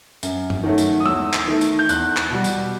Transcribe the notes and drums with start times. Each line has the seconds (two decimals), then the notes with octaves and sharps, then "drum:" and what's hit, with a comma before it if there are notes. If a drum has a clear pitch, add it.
0.23 F#2, drum: tambourine
0.50 drum: tom G2
0.63 D#3 F#3 A3
0.78 drum: tambourine
1.00 D#6
1.06 E2 E6, drum: tom
1.33 drum: clap
1.48 D#3 A3
1.61 drum: tambourine
1.79 G6
1.89 E2 F#6, drum: tambourine
2.17 drum: clap
2.30 B2 G3
2.44 drum: tambourine